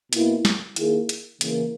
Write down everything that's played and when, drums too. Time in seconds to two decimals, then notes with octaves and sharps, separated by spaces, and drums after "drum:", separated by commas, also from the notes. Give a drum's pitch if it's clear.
0.13 B2 A#3 E4, drum: hi-hat
0.45 drum: snare
0.76 D#3 A#3 E4 G#4, drum: hi-hat
1.09 drum: hi-hat
1.41 C#3 E3 A#3, drum: hi-hat